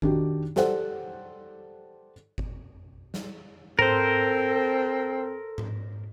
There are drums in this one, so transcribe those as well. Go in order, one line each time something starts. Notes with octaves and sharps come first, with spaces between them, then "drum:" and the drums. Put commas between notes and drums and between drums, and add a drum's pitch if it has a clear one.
D#3 D4 D#4 F#4 G4, drum: kick G1
G4 A4 C5 D5 F#5, drum: snare
drum: kick G1
drum: snare
C4 A4 A#4 C5, drum: tom G#2
drum: tom G#2